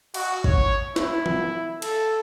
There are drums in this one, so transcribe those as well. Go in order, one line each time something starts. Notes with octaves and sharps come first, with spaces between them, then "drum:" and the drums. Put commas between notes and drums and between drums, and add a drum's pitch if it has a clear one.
F#4, drum: cymbal
C#5, drum: kick
E4, drum: snare
drum: tom
A4, drum: cymbal